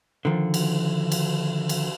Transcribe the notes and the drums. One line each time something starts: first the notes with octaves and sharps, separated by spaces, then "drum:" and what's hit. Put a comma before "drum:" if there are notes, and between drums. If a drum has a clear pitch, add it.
D3 D#3 F3
drum: cymbal
drum: cymbal
drum: cymbal